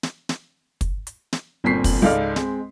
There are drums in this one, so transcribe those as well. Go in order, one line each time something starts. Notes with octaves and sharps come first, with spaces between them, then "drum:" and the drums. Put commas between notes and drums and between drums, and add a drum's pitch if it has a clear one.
drum: snare
drum: snare
drum: kick, hi-hat
drum: hi-hat
drum: snare
G1 A#2 C4 C#6 B6 C7
drum: kick, open hi-hat
C#2 G#2 A4 D5 F5 F6
G#3 C4, drum: snare